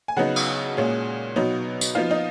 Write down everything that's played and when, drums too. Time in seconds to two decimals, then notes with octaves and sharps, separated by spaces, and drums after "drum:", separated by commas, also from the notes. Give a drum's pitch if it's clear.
0.08 G#5
0.17 C#3 F#3 B3 D#4 F#4 F#5
0.36 drum: cymbal
0.77 A#2 G#3 C#4
1.36 B2 F#3 B3 D#4
1.81 drum: tambourine
1.95 F3 B3 D#4 F4 F5
2.11 D#4 D#5